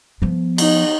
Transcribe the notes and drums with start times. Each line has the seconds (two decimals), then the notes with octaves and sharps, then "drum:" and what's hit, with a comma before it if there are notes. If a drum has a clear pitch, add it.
0.22 F3 B3
0.58 D#4, drum: cymbal